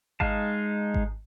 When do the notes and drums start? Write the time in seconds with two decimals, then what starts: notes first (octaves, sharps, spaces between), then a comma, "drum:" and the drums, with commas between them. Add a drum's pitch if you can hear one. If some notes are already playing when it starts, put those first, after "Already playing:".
0.20 G#3 D#4 F5 A5, drum: kick G#1
0.94 drum: kick G#1